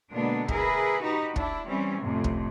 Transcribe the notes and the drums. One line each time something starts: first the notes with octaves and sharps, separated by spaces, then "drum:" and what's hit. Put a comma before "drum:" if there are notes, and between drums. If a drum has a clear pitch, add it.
B2 D3 G#3 A#3 B3 D4
E4 G#4 A#4 B4, drum: kick
D#4 F#4 G4 B4
D4 E4, drum: kick
E3 G3 C4 C#4
F2 A2 C3
drum: kick